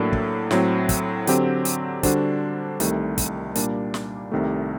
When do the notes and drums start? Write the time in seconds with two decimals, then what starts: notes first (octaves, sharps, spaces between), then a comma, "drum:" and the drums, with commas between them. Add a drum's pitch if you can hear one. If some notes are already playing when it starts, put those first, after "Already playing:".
Already playing: A2 F#3 A#3 D4 A4
0.13 drum: kick
0.51 A2 F#3 C4, drum: snare
0.89 drum: kick, hi-hat
1.27 D3 F#3 C4 G4, drum: hi-hat
1.65 drum: hi-hat
2.03 D3 G3 D4 F#4 C5, drum: kick, hi-hat
2.80 C2 C3 D#3 A3, drum: hi-hat
3.18 drum: kick, hi-hat
3.55 A#2 G3 A#3 D4, drum: hi-hat
3.94 drum: snare
4.32 C2 C3 D#3 A3